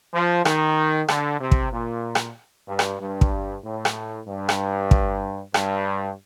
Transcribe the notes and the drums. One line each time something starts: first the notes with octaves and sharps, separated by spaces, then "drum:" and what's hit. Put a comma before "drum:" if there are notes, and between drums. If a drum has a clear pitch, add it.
F3
D#3, drum: rim click
D3, drum: rim click
C3
drum: kick
A#2
drum: rim click
G2
drum: rim click
G2
drum: kick
A2
drum: rim click
G2
drum: rim click
drum: kick
G2, drum: rim click